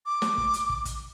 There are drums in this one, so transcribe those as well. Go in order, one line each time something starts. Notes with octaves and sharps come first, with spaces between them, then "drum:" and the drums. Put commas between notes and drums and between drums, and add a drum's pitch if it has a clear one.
D6
drum: snare
drum: kick
drum: hi-hat
drum: kick
drum: kick, hi-hat